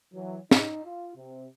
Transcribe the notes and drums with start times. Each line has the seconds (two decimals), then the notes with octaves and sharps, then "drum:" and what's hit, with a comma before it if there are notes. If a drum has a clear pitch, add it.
0.14 E3 F#3
0.51 D#4, drum: snare
0.85 F4
1.16 C3